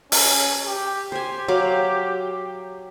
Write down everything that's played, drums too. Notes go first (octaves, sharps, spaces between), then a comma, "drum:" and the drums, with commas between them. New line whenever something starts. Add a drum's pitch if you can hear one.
C#4, drum: open hi-hat
G4
C5 G#5
F#3 F5 D6